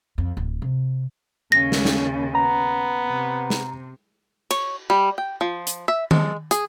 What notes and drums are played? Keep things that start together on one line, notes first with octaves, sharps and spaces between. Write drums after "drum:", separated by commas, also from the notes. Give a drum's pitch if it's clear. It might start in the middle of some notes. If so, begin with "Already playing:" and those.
F2
D1
C3
D#2 C#3 A#6
drum: snare
drum: snare
B3 A#5
C3
drum: snare
C#5, drum: cymbal
G3
G5
F3
drum: hi-hat
E5
G#3, drum: tom D#3
G#4, drum: hi-hat